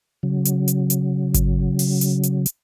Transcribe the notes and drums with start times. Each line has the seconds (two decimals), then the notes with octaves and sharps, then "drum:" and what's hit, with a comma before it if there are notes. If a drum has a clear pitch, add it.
0.23 C#3 F#3
0.45 drum: hi-hat
0.68 drum: hi-hat
0.90 drum: hi-hat
1.34 drum: kick G#1, hi-hat
1.79 drum: open hi-hat
2.01 drum: hi-hat
2.23 drum: hi-hat
2.46 drum: hi-hat